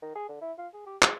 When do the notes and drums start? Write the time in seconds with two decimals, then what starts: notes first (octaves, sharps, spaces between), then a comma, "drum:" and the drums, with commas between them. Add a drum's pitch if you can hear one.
0.02 D#3
0.16 G#4
0.29 D3
0.41 E4
0.58 F4
0.73 G#4
0.86 G4
1.02 G#3, drum: clap